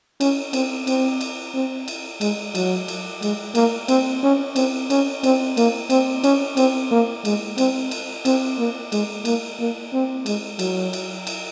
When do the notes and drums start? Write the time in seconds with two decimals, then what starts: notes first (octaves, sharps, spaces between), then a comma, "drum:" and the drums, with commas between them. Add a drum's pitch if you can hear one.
0.21 C#4, drum: cymbal
0.53 C4, drum: cymbal
0.87 C4, drum: cymbal
1.21 drum: cymbal
1.54 C4
1.88 drum: cymbal
2.21 G#3, drum: cymbal
2.55 F#3, drum: cymbal
2.88 drum: cymbal
3.22 G#3, drum: cymbal
3.55 A#3, drum: cymbal
3.88 C4, drum: cymbal
4.23 C#4
4.56 C4, drum: cymbal
4.90 C#4, drum: cymbal
5.23 C4, drum: cymbal
5.57 A#3, drum: cymbal
5.90 C4, drum: cymbal
6.24 C#4, drum: cymbal
6.57 C4, drum: cymbal
6.91 A#3
7.25 G#3, drum: cymbal
7.58 C4, drum: cymbal
7.91 drum: cymbal
8.25 C4, drum: cymbal
8.59 A#3
8.92 G#3, drum: cymbal
9.25 A#3, drum: cymbal
9.60 A#3
9.93 C4
10.26 G#3, drum: cymbal
10.59 F#3, drum: cymbal
10.93 drum: cymbal
11.27 drum: cymbal